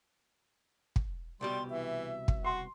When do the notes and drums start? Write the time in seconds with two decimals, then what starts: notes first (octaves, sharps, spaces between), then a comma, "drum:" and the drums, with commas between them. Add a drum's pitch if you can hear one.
0.96 drum: kick
1.41 C2 B2 G3 G4 C6
1.70 E3 E5
2.28 drum: kick
2.45 F#4 C6